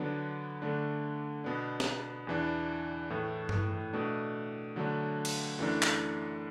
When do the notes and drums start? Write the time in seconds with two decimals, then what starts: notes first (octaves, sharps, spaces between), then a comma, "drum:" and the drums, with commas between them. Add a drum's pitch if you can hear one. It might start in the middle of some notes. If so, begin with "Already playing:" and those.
Already playing: D3 F#3 B3 D4
0.62 D3 A3 D4
1.44 B2 B3 D4
1.80 drum: snare
2.27 E2 E3 D4
3.10 A2 E3 A3
3.49 drum: tom G2
3.93 B2 A3 D4
4.76 D3 F#3 A3 D4
5.25 drum: cymbal
5.59 F#2 E3 A3 D4
5.82 drum: clap